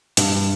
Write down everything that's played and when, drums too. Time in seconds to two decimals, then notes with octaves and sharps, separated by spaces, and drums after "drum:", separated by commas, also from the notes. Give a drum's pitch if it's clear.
0.17 G2, drum: hi-hat